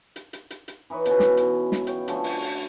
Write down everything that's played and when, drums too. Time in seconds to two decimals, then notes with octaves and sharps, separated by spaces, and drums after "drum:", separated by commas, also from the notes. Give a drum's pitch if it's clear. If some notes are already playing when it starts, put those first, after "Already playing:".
0.16 drum: hi-hat
0.33 drum: hi-hat
0.50 drum: hi-hat
0.68 drum: hi-hat
0.90 E3 D#4 B4 C#5
1.05 B2 C#4, drum: hi-hat
1.20 drum: snare
1.37 drum: hi-hat
1.72 drum: snare
1.87 C#5 F5 G5, drum: hi-hat
2.08 D3 F3 A3 C#4, drum: hi-hat
2.24 F#4, drum: open hi-hat
2.41 drum: open hi-hat